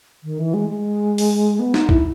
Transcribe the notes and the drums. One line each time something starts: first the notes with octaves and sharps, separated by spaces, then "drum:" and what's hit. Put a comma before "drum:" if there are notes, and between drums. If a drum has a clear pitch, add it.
D#3
E3
G#3
G#3
drum: open hi-hat
B3
D#4, drum: snare
E4, drum: kick